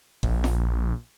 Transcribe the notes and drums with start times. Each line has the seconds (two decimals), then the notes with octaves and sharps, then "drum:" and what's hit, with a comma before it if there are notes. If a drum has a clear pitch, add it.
0.23 A#1, drum: kick G1
0.44 drum: snare